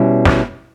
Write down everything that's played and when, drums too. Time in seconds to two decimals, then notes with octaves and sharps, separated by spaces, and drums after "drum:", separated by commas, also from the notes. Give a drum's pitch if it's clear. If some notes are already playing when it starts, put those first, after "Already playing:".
Already playing: B2 G3 C#4 E4
0.25 drum: snare